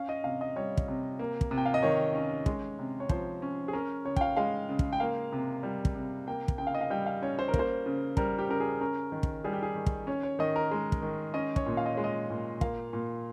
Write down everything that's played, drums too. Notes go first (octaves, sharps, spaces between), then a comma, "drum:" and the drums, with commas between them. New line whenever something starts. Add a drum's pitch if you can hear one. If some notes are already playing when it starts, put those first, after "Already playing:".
Already playing: C#4 F5
D#5
C3 F5
D#5
G3 C#5
drum: kick
C3
A#3
drum: kick
C3
G5
F5
D#5
D#3 C#5
C#4
G#3, drum: kick
C3
C#5
F3 C5, drum: kick
C#4
G#4
C#4 A#4
C#3 C#5
G5, drum: kick
F5
G#3 F5
C#3
drum: kick
G5
A#3 F5
C3
G3
drum: kick
C3
A#3 G5
drum: kick
C#3 G5
F5
D#5
F5
G3 G5
F5
C#4 C#5
C5
A#4
A#3, drum: kick
C5
C#3
G3 A#4, drum: kick
G4
C#3 A#4
G#4
C#4 A#4
D#3
drum: kick
G3 G#4
G4
G#4
D#3
drum: kick
C#4 C#5
C#5
D#3 D#5
A#4
G#3
drum: kick
D#3
C#4 D#5
C#5, drum: kick
A#2
F5
D#5
G#3 C#5
D#5
A#2
A#3 F5, drum: kick
A#2